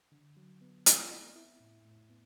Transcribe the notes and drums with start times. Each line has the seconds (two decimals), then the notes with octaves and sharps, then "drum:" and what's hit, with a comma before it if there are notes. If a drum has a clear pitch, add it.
0.12 D3
0.37 F#3
0.61 B3
0.86 C4, drum: hi-hat
1.11 E4
1.36 E4
1.60 A2
1.85 A2
2.10 B3